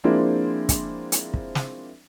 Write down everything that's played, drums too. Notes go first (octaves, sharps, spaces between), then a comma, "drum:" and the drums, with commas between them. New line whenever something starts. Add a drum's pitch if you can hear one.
F3 G#3 A#3 C4 D4 E4
drum: kick, hi-hat
drum: hi-hat
drum: kick
drum: snare